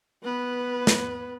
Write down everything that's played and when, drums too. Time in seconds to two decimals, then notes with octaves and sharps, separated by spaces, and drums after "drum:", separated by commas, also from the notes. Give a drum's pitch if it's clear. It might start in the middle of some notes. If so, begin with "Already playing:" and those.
0.24 B3 B4
0.87 drum: snare